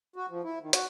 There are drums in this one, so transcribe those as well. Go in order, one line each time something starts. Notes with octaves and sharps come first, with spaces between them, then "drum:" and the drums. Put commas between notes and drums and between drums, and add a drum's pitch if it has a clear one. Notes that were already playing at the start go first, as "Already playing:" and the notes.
F#4
F3
E4
D#3
F#4, drum: hi-hat